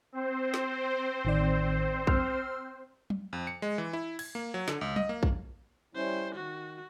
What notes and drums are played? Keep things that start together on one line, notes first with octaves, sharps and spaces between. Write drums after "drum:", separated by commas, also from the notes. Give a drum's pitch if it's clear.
C4 C5
drum: snare
A1 D#3 D5
C6 E6 F6, drum: kick A#1
drum: tom F#3
F2
C#7
G#3
E3
E4
G#6, drum: cymbal
A#3
F#3
D3, drum: snare
C#2
D#5, drum: tom F#3
A#3
drum: kick A#1
G3 C#4 E4 C5
D#3 F#4